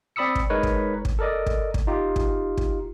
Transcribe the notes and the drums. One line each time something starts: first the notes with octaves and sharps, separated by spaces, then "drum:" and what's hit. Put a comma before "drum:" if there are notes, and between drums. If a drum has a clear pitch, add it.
C4 D5 B5 D#6 E6 C#7
drum: kick
G#3 D#4 A#4 B4 C#5
drum: kick
drum: kick
A4 A#4 D5 D#5
drum: kick
drum: kick
D#4 F4 G4
drum: kick
drum: kick